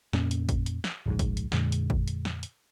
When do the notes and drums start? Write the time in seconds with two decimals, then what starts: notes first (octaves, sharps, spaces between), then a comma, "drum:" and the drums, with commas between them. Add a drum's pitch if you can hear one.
0.13 F2 A#2 A#3 C#4, drum: snare
0.31 drum: hi-hat
0.49 drum: kick, hi-hat
0.66 drum: hi-hat
0.84 drum: snare
1.06 D1 A#1 G#2
1.19 drum: kick, hi-hat
1.37 drum: hi-hat
1.52 F2 A#2 D3 G#3, drum: snare
1.72 drum: hi-hat
1.90 drum: kick
2.08 drum: hi-hat
2.25 drum: snare
2.43 drum: hi-hat